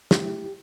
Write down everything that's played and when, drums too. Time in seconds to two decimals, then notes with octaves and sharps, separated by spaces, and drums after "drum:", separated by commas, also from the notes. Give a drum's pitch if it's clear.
0.11 C#3 F#3 A3 E4 G4, drum: snare